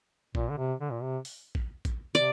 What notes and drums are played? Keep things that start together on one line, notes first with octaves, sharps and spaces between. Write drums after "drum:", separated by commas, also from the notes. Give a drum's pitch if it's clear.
A#2, drum: kick
D3
C3
D3
A#2
C3
drum: open hi-hat
drum: kick
drum: kick, hi-hat
C3 D5